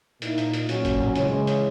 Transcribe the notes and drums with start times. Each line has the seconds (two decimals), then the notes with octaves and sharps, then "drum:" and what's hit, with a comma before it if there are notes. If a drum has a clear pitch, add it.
0.22 A#2 A#3 D#4 E4, drum: hi-hat
0.38 drum: hi-hat
0.53 drum: hi-hat
0.69 A#2 F#3 C#4 F#4, drum: hi-hat
0.85 drum: kick G#1, hi-hat
1.00 drum: tom G#2
1.16 C#3 E3 G#3 C#5, drum: hi-hat
1.47 drum: hi-hat